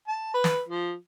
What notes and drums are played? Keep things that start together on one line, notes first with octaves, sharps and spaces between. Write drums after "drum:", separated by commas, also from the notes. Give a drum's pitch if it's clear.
A5
B4
drum: snare
F3